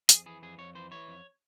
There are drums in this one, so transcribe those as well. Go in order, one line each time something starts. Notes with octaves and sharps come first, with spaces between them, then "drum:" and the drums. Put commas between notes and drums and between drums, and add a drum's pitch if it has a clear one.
F2 G#4, drum: hi-hat
E3 G#4
F2 G#4
F2 C#5
E3 C5
E3 C#5
F2